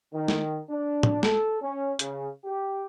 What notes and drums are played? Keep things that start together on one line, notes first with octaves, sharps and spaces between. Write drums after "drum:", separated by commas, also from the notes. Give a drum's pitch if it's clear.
D#3
drum: snare
D4
drum: tom
A4, drum: snare
C#4
C#3, drum: hi-hat
G4